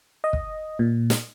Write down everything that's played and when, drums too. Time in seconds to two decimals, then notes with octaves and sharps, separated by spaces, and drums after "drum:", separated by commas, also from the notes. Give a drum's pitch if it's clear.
0.24 D#5
0.33 drum: kick
0.79 A#2
1.10 drum: snare